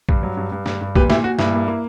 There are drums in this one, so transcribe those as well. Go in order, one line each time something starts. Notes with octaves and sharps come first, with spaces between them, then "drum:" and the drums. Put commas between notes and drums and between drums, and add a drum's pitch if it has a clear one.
G2, drum: kick
F#3
G2
G2
G2, drum: snare
G2
A#2 G4 B4, drum: kick
A#2 E4 G4, drum: snare
A#2 F#4
G2 E4, drum: snare
A#3
A#3